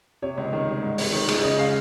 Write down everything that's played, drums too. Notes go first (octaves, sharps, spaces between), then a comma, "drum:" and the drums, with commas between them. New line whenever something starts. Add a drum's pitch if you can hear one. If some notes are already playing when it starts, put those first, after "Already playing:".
C3 C#5
C#2
D#3
G3
G#2
G#1, drum: open hi-hat
D#3
G#3, drum: cymbal
C#3 D#5
F5